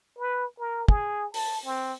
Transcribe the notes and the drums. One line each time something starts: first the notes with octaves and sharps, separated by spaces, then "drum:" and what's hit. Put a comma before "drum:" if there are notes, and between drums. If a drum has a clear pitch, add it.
B4
A#4
G#4, drum: kick
A5, drum: open hi-hat
C4